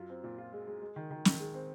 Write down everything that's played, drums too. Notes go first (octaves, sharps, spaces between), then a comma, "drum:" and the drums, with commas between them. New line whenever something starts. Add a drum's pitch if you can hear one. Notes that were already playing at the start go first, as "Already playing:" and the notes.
Already playing: F#2 F4
C4
A#2
F4
G#3
G#3
G#3
D#3
D#3
D#3, drum: snare
G#3
C4